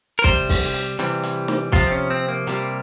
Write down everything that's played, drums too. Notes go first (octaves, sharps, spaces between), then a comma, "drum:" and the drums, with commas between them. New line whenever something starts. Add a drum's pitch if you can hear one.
A#4
C3 G3 C5, drum: kick, hi-hat
drum: kick, open hi-hat
drum: hi-hat
C3 E3 G3, drum: hi-hat
drum: hi-hat
drum: snare
C3 F3 F4, drum: kick, hi-hat
C4
C#4
C4
A#3
C3 G3, drum: hi-hat